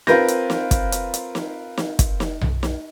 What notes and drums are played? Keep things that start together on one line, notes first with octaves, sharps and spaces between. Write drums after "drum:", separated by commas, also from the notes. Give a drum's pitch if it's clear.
C4 F4 A#4 B4 G6 A#6, drum: snare
drum: hi-hat
drum: snare
drum: kick, hi-hat
drum: hi-hat
drum: hi-hat
drum: snare
drum: snare
drum: kick, hi-hat
drum: snare
drum: tom B1
drum: snare